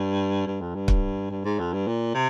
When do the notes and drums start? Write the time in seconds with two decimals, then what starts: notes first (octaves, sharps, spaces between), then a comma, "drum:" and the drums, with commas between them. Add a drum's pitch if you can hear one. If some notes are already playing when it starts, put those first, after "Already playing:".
Already playing: G2
0.47 G2
0.61 F2
0.75 G2
0.88 drum: kick
1.31 G2
1.45 G#2
1.59 F2
1.73 G2
1.87 A#2
2.14 C3